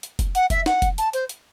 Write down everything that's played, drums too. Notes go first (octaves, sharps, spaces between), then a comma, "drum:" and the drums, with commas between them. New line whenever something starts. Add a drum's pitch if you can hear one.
drum: hi-hat
drum: kick F1, hi-hat
F#5, drum: hi-hat
E5, drum: kick F1, hi-hat
F#5, drum: snare
drum: kick F1, hi-hat
A5, drum: hi-hat
C5, drum: hi-hat
drum: hi-hat